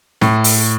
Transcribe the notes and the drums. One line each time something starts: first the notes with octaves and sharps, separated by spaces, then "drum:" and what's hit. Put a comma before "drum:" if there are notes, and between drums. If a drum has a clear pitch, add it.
A2, drum: snare
drum: open hi-hat